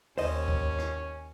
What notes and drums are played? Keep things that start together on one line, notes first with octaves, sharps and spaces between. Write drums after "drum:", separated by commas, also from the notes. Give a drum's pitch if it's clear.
D#2 C#4 C5 D#5, drum: open hi-hat
drum: kick C#2
drum: rim click